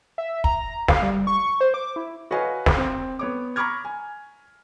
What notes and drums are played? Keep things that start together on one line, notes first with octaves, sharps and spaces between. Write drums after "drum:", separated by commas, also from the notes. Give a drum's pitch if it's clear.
E5
A#5, drum: kick
F5, drum: snare
G3
C#6
C5
D6
E4
F#4 B4 C#5 D#5 F5 G#5
drum: snare
C4
B3 C#5 D6
A#5 B5 C#6 D6 F6 G#6
G#5